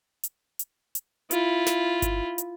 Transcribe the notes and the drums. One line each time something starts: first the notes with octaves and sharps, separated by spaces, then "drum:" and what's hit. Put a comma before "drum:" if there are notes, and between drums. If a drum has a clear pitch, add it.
drum: hi-hat
drum: hi-hat
drum: hi-hat
E4 F4, drum: hi-hat
drum: snare
drum: kick G1, hi-hat
drum: hi-hat